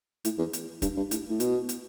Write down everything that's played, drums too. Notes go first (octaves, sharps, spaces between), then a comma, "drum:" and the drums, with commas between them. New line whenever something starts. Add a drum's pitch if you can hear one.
A2, drum: hi-hat
E2
drum: hi-hat
G2, drum: kick, hi-hat
G2
A2, drum: hi-hat
A2
B2, drum: hi-hat
drum: hi-hat